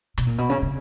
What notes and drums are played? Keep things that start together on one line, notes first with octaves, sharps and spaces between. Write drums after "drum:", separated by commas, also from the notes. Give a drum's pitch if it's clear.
B2, drum: hi-hat
A#2
B2
C#3
C#3